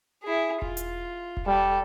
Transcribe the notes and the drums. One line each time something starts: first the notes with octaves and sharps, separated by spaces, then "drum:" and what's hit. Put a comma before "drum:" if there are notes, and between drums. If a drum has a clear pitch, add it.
E4 G#4
F4, drum: kick E1
drum: hi-hat
drum: kick E1
G3 A4